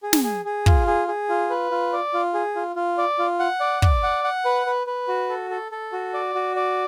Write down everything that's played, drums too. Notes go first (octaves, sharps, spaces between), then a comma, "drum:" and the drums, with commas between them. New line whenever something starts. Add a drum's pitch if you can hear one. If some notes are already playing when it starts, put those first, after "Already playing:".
G#4
drum: snare
G#4
G#4
F4, drum: kick
G#4
G#4
F4
B4
F4
D5
F4
G#4
F4
F4
D5
F4
F#5
D5
D5, drum: kick
F#5
F#5
B4
B4
B4
F#4
A4
A4
A4
F#4
D5
F#4
D5